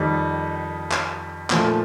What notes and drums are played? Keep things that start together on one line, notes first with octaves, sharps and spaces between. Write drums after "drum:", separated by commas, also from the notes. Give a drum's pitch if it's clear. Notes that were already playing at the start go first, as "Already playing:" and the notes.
Already playing: F2 D#3 G3 D#4
drum: clap
A#2 F3 A3, drum: clap